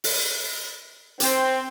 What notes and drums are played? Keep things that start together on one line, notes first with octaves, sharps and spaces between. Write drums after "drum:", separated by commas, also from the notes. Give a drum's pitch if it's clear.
drum: open hi-hat
C4, drum: hi-hat